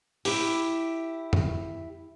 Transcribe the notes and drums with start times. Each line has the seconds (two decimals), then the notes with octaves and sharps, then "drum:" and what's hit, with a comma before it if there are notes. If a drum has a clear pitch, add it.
0.25 E4 G4, drum: open hi-hat
1.33 drum: tom F2